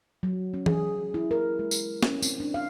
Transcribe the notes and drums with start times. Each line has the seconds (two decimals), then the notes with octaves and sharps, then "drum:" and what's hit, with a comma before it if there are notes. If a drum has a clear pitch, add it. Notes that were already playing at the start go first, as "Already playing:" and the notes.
0.23 F#3
0.54 C#4
0.66 G#4, drum: tom E3
1.14 E4
1.31 A#4
1.59 G#3
1.71 drum: tambourine
2.03 C#4, drum: snare
2.22 C4, drum: tambourine
2.40 D4
2.54 F5